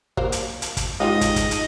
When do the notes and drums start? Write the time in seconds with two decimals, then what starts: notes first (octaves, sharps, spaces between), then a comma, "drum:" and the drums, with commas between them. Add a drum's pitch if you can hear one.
0.17 A#3 C5 F5, drum: kick
0.32 drum: hi-hat
0.62 drum: hi-hat
0.77 drum: kick, hi-hat
1.00 G#2 F4 G4 D#5 F5
1.21 drum: kick, hi-hat
1.36 drum: kick, hi-hat
1.51 drum: hi-hat